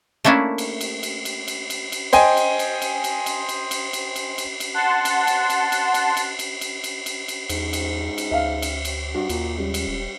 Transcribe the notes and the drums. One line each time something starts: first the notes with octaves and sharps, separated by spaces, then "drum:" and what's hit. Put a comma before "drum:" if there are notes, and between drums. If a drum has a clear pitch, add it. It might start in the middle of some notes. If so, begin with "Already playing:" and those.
A3 A#3 C#4 D4 E4
drum: cymbal
drum: cymbal
drum: cymbal
drum: cymbal
drum: cymbal
drum: cymbal
drum: cymbal
C5 D#5 G5 G#5, drum: cymbal
drum: cymbal
drum: cymbal
drum: cymbal
drum: cymbal
drum: cymbal
drum: cymbal
drum: cymbal
drum: cymbal
drum: cymbal
drum: cymbal
drum: cymbal
F#5 A5 C6
drum: cymbal
drum: cymbal
drum: cymbal
drum: cymbal
drum: cymbal
drum: cymbal
drum: cymbal
drum: cymbal
drum: cymbal
drum: cymbal
drum: cymbal
E2 G#2, drum: cymbal
drum: cymbal
drum: cymbal
D2 E5 F5
drum: cymbal
drum: cymbal
G2 F#4
D#2 A#2, drum: cymbal
C#2 G3
drum: cymbal
D#1